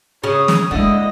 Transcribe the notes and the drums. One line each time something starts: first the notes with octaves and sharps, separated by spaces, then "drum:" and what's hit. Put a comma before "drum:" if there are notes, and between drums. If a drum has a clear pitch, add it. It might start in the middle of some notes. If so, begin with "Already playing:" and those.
C#3 C#5 D#6
drum: snare
D3 G#3 A#3 E4 D#5